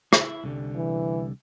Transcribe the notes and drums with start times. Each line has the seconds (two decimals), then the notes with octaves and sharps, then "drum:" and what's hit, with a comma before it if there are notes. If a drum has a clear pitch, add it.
0.13 E4, drum: rim click
0.44 C2 D3 G3
0.75 E3